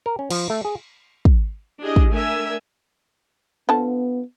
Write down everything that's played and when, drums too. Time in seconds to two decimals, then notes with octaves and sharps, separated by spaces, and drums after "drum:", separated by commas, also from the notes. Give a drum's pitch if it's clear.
0.06 A#4
0.19 C#4
0.31 F3, drum: cymbal
0.50 A3
0.65 G#4
1.25 drum: kick
1.80 D4 E4 G4 G#4 D#5
1.96 drum: kick
2.10 A3 D4 A#4 E5 G#5
3.69 D3 F3 B3 A5